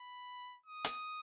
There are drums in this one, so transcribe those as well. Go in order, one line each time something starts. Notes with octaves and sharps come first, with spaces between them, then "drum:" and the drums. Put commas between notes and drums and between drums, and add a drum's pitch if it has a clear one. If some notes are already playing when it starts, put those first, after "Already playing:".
Already playing: B5
D#6
drum: hi-hat